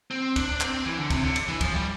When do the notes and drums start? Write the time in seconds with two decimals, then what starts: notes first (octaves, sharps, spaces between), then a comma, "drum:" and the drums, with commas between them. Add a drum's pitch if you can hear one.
0.11 C4
0.36 D4, drum: kick, cymbal
0.61 C4, drum: clap
0.86 E3
0.98 D3
1.10 C3, drum: kick, cymbal
1.23 D3
1.36 drum: cymbal
1.48 E3
1.61 F3, drum: kick, cymbal
1.73 G3